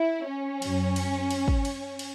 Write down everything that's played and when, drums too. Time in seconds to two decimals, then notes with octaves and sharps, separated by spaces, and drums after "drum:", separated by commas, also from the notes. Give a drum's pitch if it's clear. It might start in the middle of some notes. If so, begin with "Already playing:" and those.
Already playing: E4
0.28 C#4
0.62 F#2 F#3, drum: cymbal
0.96 drum: cymbal
1.30 drum: cymbal
1.48 drum: kick
1.65 drum: cymbal
1.99 drum: cymbal